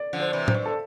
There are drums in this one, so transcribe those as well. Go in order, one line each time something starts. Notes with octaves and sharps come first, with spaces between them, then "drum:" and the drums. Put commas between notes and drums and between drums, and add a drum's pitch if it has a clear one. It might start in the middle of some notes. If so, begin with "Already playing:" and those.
Already playing: D5
D3 F3
C5
C3 E3
C5, drum: tom A2
G2
A4